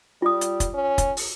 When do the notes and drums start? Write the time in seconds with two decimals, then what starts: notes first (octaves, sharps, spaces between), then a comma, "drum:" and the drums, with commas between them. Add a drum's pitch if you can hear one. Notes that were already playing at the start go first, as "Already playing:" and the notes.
0.22 G3 F4 D#6
0.41 drum: hi-hat
0.60 drum: kick, hi-hat
0.74 C#4
0.98 drum: kick, hi-hat
1.17 drum: open hi-hat